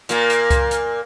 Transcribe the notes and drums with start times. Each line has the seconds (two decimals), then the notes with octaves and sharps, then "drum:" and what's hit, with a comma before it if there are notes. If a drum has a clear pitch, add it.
0.09 A#2 A#3, drum: hi-hat
0.30 drum: hi-hat
0.50 drum: kick C2, hi-hat
0.71 drum: hi-hat